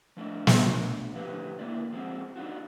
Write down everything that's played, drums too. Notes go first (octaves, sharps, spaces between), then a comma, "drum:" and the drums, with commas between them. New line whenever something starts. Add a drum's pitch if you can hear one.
F3 A3 D4 A#4 D5 D#5
drum: snare
A2 D3 F3 G4 B4 F5
D3 A#3 E4 F4 D5
F3 G#3 C4 F4 F#4
D4 D#4 F4 F#4